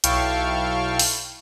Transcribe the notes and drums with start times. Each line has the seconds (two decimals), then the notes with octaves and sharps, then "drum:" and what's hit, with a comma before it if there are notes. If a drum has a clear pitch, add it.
0.04 B1 E4 F5 G5 A5 C#6, drum: hi-hat
0.99 drum: open hi-hat